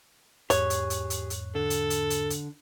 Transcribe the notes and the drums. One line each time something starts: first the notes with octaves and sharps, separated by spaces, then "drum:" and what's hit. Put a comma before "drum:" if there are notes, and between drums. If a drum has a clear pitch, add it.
E2 G#2 G4 G#4 C#5 F#6, drum: hi-hat
drum: hi-hat
drum: hi-hat
drum: hi-hat
drum: hi-hat
D3 A4
drum: hi-hat
drum: hi-hat
drum: hi-hat
drum: hi-hat